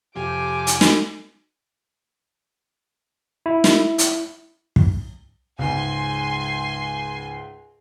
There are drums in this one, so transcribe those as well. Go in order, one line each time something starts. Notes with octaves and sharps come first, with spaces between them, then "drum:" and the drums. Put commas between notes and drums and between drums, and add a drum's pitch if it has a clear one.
F2 C3 F3 G4 G#5 D6
drum: hi-hat
drum: snare
E4
drum: snare
drum: hi-hat
drum: kick
C#2 G#2 G#5 C6